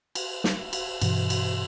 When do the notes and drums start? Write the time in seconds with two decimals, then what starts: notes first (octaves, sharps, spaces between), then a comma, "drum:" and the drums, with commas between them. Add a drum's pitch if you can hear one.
0.15 drum: cymbal
0.44 drum: snare
0.73 drum: cymbal
1.01 G2 B2 E3, drum: cymbal
1.30 drum: cymbal